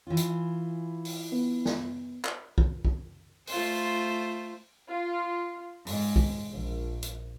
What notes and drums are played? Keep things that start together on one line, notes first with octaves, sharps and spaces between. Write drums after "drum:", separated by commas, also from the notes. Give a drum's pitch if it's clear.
E3 F4
drum: hi-hat
drum: open hi-hat
B3
drum: snare
drum: clap
drum: kick
drum: kick
A3 F4 C5, drum: open hi-hat
F4
G#2, drum: open hi-hat
drum: kick
A#1
drum: hi-hat